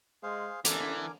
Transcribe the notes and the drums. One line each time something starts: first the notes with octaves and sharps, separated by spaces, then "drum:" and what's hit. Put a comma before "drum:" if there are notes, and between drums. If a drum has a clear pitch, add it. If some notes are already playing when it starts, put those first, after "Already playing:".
G#3 G#4 C5 F5
D3 E3 A4 A#4 G#5 D6, drum: hi-hat